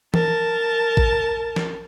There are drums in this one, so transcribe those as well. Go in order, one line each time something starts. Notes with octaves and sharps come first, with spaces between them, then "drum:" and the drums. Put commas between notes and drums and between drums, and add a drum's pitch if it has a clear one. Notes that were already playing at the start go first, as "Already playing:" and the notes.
A#4 A5, drum: tom E3
drum: kick G#1
drum: snare